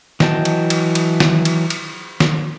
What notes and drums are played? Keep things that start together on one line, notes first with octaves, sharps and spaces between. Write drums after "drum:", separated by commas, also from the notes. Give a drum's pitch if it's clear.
E3 F#3 D#5 G5 A5, drum: snare
drum: cymbal
drum: cymbal
drum: cymbal
drum: snare
drum: cymbal
drum: cymbal
drum: snare